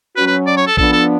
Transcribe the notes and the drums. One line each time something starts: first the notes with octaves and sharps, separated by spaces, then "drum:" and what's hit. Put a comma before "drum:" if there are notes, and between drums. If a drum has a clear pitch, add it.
F#3 C#4 F#4 B4
B4
D5
C#5
A4
F3 B3 D4 A4, drum: kick A#1
A4